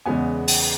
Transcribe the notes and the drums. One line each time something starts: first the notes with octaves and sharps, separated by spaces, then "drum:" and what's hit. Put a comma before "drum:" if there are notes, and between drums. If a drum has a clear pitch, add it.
E2 C#3 G#3 B3 G#5
drum: open hi-hat